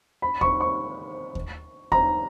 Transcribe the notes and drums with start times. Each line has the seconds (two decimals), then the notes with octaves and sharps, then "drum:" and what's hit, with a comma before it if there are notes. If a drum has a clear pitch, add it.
0.22 B5
0.41 C#6, drum: kick D#2
0.60 C#6
1.35 drum: kick D#2
1.92 A#5, drum: kick D#2